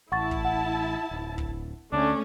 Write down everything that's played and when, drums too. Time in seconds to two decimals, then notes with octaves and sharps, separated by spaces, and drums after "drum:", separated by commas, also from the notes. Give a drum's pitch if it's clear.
0.12 A1 E4 F#5 A5 C#6 A6
0.31 drum: kick
0.45 F#5
1.11 D1
1.38 drum: kick
1.92 D2 D3 A3 C#4 D4